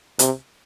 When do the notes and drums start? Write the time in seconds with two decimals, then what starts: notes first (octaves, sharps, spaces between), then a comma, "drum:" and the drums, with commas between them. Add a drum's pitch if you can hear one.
0.19 C3, drum: hi-hat